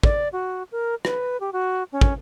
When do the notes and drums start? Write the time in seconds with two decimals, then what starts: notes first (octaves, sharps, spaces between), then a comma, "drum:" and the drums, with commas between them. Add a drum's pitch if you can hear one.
0.03 D5, drum: kick
0.33 F#4
0.72 A#4
1.05 B4, drum: rim click
1.40 G4
1.53 F#4
1.92 C#4
2.01 drum: kick